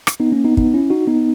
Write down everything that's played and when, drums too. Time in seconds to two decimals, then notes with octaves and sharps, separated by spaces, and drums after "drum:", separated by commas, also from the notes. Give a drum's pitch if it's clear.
0.07 drum: rim click
0.20 B3 D#4
0.32 A#3 C#4
0.44 B3 D#4
0.57 B3 D#4, drum: kick
0.74 C#4 E4
0.90 D#4 F#4
1.07 B3 D#4